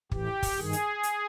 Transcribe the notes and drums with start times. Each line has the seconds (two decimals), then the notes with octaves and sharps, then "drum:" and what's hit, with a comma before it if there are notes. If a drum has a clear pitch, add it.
0.11 A2 E3 G4, drum: kick
0.42 drum: kick, open hi-hat
0.58 G2 D#3 G#4
0.73 drum: hi-hat
1.03 drum: hi-hat